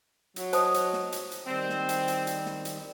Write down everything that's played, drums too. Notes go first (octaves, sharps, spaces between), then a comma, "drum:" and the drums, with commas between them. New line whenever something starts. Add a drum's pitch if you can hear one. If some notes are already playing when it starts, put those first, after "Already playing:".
F#3, drum: hi-hat
C5 D#5 A5 D#6, drum: hi-hat
drum: hi-hat
drum: snare
drum: hi-hat
drum: hi-hat
D#3 G3 C4
drum: snare
drum: hi-hat
drum: hi-hat
drum: hi-hat
drum: snare
drum: hi-hat